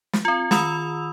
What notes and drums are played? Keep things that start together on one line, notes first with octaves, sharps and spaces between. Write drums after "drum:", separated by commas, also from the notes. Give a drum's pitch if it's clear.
drum: snare
C4 F4
D#3 F4 B5 D#6 E6 F7, drum: snare